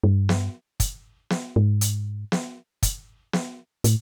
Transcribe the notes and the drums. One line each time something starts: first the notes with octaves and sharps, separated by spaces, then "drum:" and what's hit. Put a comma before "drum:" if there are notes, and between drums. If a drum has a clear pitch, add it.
G2
drum: snare
drum: kick, hi-hat
drum: snare
G#2
drum: hi-hat
drum: snare
drum: kick, hi-hat
drum: snare
A2, drum: hi-hat